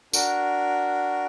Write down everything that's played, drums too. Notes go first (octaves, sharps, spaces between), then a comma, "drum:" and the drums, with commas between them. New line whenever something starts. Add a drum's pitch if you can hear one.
D4 F#4 A#4, drum: tambourine